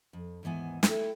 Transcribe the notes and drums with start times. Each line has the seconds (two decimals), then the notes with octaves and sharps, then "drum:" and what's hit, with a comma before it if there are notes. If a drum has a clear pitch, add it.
0.13 F2
0.43 D#2 G#2 E3 B3 G#5
0.83 A3 E4 A4 E5 G5, drum: snare